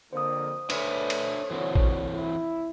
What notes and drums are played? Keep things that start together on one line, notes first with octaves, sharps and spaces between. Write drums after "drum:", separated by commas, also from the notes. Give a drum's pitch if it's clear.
F2 D3 A#3 C5 D#6
D2 D4 A4 B4 C#5 E5 G#5, drum: cymbal
drum: cymbal
D2 A#2 E3 C4 F#4
drum: kick
E4